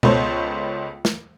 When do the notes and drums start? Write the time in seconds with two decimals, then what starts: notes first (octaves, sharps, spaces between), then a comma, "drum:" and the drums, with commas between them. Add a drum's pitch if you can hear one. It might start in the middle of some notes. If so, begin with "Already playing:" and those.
0.03 C#2 B3 A4 C5 C#5, drum: tom B2
1.05 drum: snare